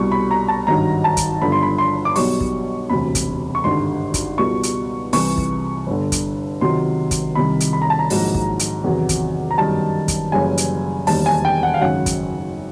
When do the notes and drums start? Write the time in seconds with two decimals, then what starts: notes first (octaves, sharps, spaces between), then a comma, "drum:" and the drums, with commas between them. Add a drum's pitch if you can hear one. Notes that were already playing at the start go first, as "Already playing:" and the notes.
Already playing: C2 B2 G3 C#6
0.12 B5
0.31 A#5
0.48 A5
0.67 G#1 G2 D#3 F#3 A#5
1.04 A5
1.17 drum: kick, hi-hat
1.42 G1 G2 D3 F3 B5
1.52 C6
1.62 B5
1.78 C6
2.05 D6
2.16 B1 B2 G3 C#6, drum: open hi-hat
2.41 drum: kick
2.90 E1 D2 C3 B5
3.15 drum: kick, hi-hat
3.55 C#6
3.64 G#1 G2 D3 G3 C6
4.14 drum: kick, hi-hat
4.38 C#2 B2 G3 C#6
4.63 drum: hi-hat
5.13 C2 C3 E3 C#6, drum: open hi-hat
5.38 drum: kick
5.87 G1 G2 D3
6.12 drum: kick, hi-hat
6.61 C#2 C3 D#3 F#3 C6
7.11 drum: kick, hi-hat
7.35 C2 C3 D#3 B5
7.60 drum: hi-hat
7.73 B5
7.82 A#5
7.90 A5
7.99 A#5
8.10 A#1 G#2 D#3 F#3, drum: open hi-hat
8.35 drum: kick
8.59 drum: hi-hat
8.84 E2 C3 D#3 F#3
9.09 drum: kick, hi-hat
9.51 A#5
9.58 G1 F#2 D#3 G3 A5
10.08 drum: kick, hi-hat
10.32 F#1 F#2 C#3 E3 G3 G#5
10.58 drum: hi-hat
11.07 E1 D#2 D#3 G3 A5, drum: open hi-hat
11.26 G#5
11.45 G5
11.63 F#5
11.74 F5
11.81 G#1 F#2 C#3 F#5
12.06 drum: kick, hi-hat